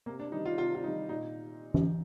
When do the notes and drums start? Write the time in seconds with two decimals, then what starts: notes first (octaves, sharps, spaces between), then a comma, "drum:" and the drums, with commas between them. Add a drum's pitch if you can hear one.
0.06 C3 A#3
0.19 D4
0.32 D#3 G3 D#4
0.45 F4
0.58 C3 F4
0.75 F4
0.84 D#3 G3 D#4
1.09 A#2 D#4
1.74 drum: tom